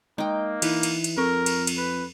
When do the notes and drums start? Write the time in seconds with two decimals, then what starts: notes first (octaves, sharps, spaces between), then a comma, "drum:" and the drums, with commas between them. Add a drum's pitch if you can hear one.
0.18 G#3 A#3 D#4 G5
0.62 E3 D#4 E4 B4, drum: cymbal
0.83 drum: cymbal
1.04 drum: cymbal
1.17 F2 C4 A4 A#4 C#6
1.46 drum: cymbal
1.67 drum: cymbal
1.77 B4